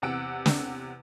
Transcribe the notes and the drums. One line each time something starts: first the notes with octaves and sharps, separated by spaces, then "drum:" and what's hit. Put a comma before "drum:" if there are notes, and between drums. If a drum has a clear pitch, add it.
E2 C3 F#5 E6 D7
drum: snare